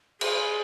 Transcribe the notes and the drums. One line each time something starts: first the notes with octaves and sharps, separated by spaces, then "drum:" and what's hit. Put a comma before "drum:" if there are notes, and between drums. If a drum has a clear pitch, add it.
G#4, drum: cymbal